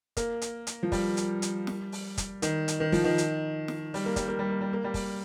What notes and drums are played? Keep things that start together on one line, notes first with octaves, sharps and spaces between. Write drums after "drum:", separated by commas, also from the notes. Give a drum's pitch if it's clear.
A#3, drum: kick, hi-hat
drum: hi-hat
drum: hi-hat
F3
G3, drum: kick, open hi-hat
drum: hi-hat
drum: hi-hat
drum: snare
drum: open hi-hat
drum: kick, hi-hat
D#3, drum: hi-hat
drum: hi-hat
D#3
F3, drum: kick, open hi-hat
D#3
drum: hi-hat
drum: snare
G3, drum: open hi-hat
A#3
G3, drum: kick, hi-hat
A#3
G3
A#3
G3
A#3
G3
drum: kick, open hi-hat